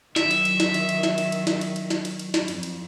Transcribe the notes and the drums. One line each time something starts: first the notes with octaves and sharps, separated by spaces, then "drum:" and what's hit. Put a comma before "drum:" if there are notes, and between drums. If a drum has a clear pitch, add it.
D#3 F#3 E5, drum: snare
drum: cymbal
drum: cymbal
drum: snare
drum: cymbal
drum: cymbal
drum: snare
drum: cymbal
drum: cymbal
drum: snare
drum: cymbal
drum: cymbal
drum: snare
drum: cymbal
drum: cymbal
drum: snare
F2, drum: cymbal
drum: cymbal